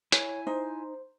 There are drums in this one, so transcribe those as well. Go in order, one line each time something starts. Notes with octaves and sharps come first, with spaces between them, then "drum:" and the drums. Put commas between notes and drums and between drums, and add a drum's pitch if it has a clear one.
E4 C#5 G#5, drum: hi-hat
D#4 C5